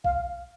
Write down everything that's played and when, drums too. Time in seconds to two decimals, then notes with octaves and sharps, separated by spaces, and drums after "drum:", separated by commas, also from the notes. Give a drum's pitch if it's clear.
0.04 F5, drum: kick B1